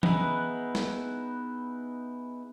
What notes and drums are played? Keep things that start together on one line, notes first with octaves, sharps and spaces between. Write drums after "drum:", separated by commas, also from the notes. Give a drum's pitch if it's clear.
B3 D#4 E4 G#4 B4, drum: tom E3
drum: snare